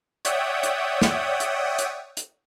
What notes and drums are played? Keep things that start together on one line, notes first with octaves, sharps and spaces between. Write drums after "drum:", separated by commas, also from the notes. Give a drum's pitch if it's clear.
C#5 D5 E5 F#5 G5 D#6, drum: hi-hat
drum: hi-hat
drum: snare
drum: hi-hat
drum: hi-hat
drum: hi-hat